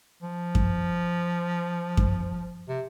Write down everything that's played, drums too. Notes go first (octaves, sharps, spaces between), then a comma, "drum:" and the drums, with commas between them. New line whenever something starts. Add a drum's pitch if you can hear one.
F3
drum: kick F#2
drum: kick F#2
C3